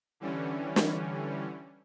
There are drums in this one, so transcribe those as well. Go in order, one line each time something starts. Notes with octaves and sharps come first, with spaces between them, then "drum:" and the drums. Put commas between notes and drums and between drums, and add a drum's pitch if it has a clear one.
D3 E3 G3 C#4
drum: snare